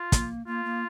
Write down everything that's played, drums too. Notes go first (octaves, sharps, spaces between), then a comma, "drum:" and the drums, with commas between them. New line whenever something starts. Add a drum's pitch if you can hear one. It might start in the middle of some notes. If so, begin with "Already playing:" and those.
Already playing: F4
A#3, drum: kick, hi-hat
A#3 F4
A#3